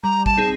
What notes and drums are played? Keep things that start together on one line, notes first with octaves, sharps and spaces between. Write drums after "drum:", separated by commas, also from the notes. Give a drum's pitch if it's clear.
G3 A#5
A5, drum: kick
C4 D#4 G#4